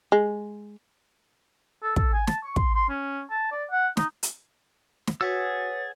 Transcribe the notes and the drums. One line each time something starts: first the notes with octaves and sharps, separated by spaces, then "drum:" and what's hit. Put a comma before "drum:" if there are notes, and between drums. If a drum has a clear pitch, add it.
G#3
A4
A4, drum: kick
G#5
A5, drum: snare
C#6
C6, drum: kick
C6
C#4
A5
D5
F#5
D#4, drum: snare
drum: hi-hat
drum: snare
F#4 G#4 B4 C#5 F#5 E6 A6